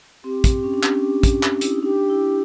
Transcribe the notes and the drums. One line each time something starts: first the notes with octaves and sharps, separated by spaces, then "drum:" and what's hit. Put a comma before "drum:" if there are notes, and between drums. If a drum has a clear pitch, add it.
C4 G4
drum: kick, hi-hat
C#4
D4
C#4, drum: clap
drum: kick, hi-hat
drum: clap
E4, drum: hi-hat
D#4
D4 G4
E4